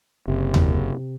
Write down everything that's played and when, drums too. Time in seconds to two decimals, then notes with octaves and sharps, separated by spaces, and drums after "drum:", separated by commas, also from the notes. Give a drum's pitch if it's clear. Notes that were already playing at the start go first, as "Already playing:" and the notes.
0.28 F#1 C3
0.54 drum: tom D#2